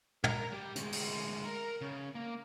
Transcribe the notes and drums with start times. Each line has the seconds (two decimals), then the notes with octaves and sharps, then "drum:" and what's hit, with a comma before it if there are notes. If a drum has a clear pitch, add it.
0.24 A#4 A#5, drum: tom
0.52 G3 G4
0.76 D2 G#3, drum: hi-hat
0.92 drum: open hi-hat
1.45 A#4 A#5
1.81 C#3
2.15 A#3